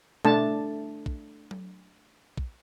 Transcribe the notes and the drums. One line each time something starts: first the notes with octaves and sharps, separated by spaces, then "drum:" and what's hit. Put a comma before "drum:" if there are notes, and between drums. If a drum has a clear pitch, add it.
A3 D4 A5, drum: tom B2
drum: kick
drum: tom F#3
drum: kick